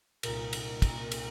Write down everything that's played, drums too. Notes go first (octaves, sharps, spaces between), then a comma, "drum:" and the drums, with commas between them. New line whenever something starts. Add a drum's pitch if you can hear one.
C2 A#2 A#4, drum: cymbal
drum: cymbal
drum: kick, cymbal
drum: cymbal